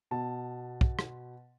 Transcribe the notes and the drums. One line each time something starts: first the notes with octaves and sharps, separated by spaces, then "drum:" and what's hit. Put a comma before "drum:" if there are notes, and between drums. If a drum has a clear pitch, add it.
B2 A5
drum: kick
drum: rim click